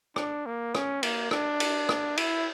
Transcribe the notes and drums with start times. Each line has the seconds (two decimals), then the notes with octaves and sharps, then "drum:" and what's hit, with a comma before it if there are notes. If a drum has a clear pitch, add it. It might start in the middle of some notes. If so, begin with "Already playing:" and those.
0.16 D4, drum: rim click
0.46 A#3
0.75 C#4, drum: rim click
1.03 A#3, drum: cymbal
1.31 D4, drum: rim click
1.60 drum: cymbal
1.89 drum: rim click
2.17 E4, drum: cymbal